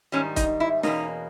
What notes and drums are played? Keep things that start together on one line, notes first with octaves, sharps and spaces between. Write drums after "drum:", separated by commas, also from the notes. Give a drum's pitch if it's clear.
G#2 D#3 G3 C#4
D#4, drum: kick, hi-hat
E4
E2 B2 A#3 C#4 D#4, drum: snare